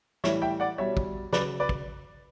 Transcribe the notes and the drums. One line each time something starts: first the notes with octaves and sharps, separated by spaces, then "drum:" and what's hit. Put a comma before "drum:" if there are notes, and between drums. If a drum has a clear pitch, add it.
A2 E3 G3 C#5 E5, drum: snare
E5 G5
D5 F#5
B2 G3 C#5 E5
drum: kick
C#3 F#3 B4 D5, drum: snare
B4 D5
drum: kick